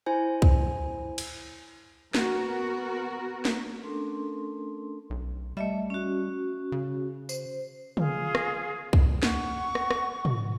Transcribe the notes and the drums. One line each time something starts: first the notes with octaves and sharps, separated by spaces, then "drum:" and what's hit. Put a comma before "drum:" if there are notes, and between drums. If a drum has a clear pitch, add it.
E4 C5 G#5
drum: kick C2
drum: cymbal
B3 F#4 A#4, drum: snare
drum: snare
A3 C#4 D4 A4 A#4 C6
B1
G3 A3 D#5 E5
C#4 F#4
C#3
C5, drum: tambourine
F4 G#4, drum: tom
drum: rim click
drum: kick C2
F#5 C#6, drum: snare
drum: rim click
drum: rim click
drum: tom